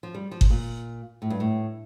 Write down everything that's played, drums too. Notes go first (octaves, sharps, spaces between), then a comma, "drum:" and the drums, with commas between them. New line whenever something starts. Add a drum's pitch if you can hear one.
F3
G3
F3
drum: kick G1
A#2
A2
G2
A2